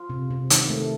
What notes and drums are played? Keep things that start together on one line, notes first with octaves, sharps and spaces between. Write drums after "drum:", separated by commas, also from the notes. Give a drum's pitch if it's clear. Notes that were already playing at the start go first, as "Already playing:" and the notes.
Already playing: F4
C3
C3
D#3, drum: hi-hat
A3